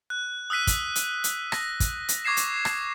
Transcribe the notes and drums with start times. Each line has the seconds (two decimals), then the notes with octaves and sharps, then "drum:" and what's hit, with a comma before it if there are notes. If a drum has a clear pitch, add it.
0.10 F#6
0.50 D#6 E6 F#6 B6 D#7
0.67 drum: kick, hi-hat
0.96 drum: hi-hat
1.24 drum: hi-hat
1.52 A#6, drum: rim click
1.80 drum: kick, hi-hat
2.09 drum: hi-hat
2.25 C#6 D6 G#6 A#6 C7 E7
2.37 drum: hi-hat
2.65 drum: rim click